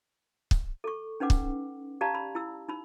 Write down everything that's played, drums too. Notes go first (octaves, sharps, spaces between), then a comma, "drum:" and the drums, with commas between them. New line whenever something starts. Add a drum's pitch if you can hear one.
drum: kick
A4 C#6
C#4 D#4 B4 F#5 D6
drum: kick
G4 D5 F5 A5 A#5
B5
E4 E6
D#4 B5